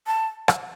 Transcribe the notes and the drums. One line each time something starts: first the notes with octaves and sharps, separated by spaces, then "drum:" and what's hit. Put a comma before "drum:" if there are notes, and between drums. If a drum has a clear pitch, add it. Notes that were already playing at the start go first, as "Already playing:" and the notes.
A5
drum: rim click